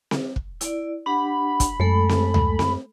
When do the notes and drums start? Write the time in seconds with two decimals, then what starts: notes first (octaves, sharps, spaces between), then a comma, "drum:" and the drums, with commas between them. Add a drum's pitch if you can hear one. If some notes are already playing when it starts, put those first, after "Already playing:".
0.11 drum: snare C4
0.36 drum: kick
0.61 E4 D5, drum: hi-hat
1.06 D4 G4 F#5 B5
1.60 drum: kick, hi-hat
1.80 F#2 G#3 A3 A4
2.09 drum: snare C4
2.34 drum: tom D2
2.59 drum: snare C4